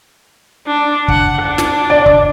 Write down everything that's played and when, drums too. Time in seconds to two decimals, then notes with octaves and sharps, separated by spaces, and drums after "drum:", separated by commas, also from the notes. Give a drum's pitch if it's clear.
0.67 D4
1.08 F#5, drum: kick
1.42 D4
1.58 drum: snare
1.90 D5
2.06 drum: kick